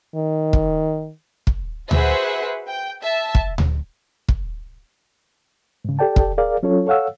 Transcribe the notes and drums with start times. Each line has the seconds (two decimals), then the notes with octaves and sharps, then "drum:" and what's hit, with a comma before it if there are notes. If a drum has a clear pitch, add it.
0.15 D#3
0.53 drum: kick
1.47 drum: kick
1.91 F#4 G#4 B4 C5 E5 F#5, drum: tom D2
2.65 G5
3.01 E5 A5
3.35 drum: kick
3.58 drum: tom D2
4.28 drum: kick
5.85 G#2 C#3
5.99 G4 A4 D5 G5 A5
6.16 drum: kick
6.38 G#4 A#4 D5 F5
6.63 F#3 C#4 F4 A4 C#5
6.87 A4 C#5 F5 F#5 E6